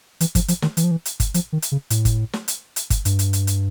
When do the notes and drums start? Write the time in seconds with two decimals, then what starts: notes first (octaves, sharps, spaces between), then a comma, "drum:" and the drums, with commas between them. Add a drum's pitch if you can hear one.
0.21 E3, drum: hi-hat
0.35 F3, drum: kick G1, hi-hat
0.48 F3, drum: hi-hat
0.62 D#3, drum: snare
0.77 E3, drum: hi-hat
0.84 F3
0.91 E3
1.05 drum: hi-hat
1.20 drum: kick G1, hi-hat
1.34 F3, drum: hi-hat
1.52 D#3
1.62 drum: hi-hat
1.72 C#3
1.90 A2, drum: hi-hat
2.05 drum: kick G1, hi-hat
2.33 drum: snare
2.48 drum: hi-hat
2.76 drum: hi-hat
2.90 drum: kick G1, hi-hat
3.05 G2, drum: hi-hat
3.19 drum: hi-hat
3.33 drum: hi-hat
3.47 drum: hi-hat